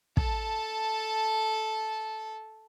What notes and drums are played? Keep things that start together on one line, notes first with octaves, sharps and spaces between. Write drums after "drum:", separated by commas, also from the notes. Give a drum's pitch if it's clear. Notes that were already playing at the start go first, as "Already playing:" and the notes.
A4 A5, drum: kick